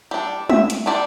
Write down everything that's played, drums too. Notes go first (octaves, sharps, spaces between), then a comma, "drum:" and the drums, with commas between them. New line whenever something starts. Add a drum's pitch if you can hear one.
G3 D4
E5, drum: tom
drum: hi-hat
G3 D4 D5